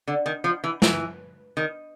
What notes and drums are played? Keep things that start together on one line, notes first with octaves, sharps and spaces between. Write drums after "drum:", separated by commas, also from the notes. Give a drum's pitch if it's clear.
D3
D#3
F3
E3
E3, drum: snare
D#3